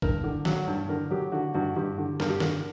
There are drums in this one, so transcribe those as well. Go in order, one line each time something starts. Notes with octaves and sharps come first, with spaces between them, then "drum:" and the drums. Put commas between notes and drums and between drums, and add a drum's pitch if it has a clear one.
G2 A#4, drum: kick
D3
F#3, drum: snare
G2
D3 A#4
F#3 G4
D3 F#4
G2 F#4
G2 G4
D3
G2 A#4, drum: snare
G4
D3 A#4, drum: snare